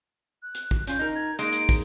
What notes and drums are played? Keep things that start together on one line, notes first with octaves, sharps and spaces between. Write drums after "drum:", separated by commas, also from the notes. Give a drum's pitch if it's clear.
F#6
drum: hi-hat
drum: kick
C#4 F4 G6, drum: hi-hat
D#4 A#4
G#6
G#3 A#3 D#4 D7, drum: hi-hat
drum: hi-hat
drum: kick, open hi-hat